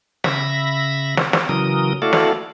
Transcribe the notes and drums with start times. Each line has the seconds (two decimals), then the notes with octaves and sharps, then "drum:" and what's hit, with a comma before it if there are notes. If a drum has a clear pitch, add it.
0.24 C#3 E5 B5 A#6, drum: snare
1.17 drum: snare
1.33 drum: snare
1.49 C#3 E3 F#3 A#4 D#6
2.02 A3 E4 F#4 A4 D5 F5
2.13 drum: snare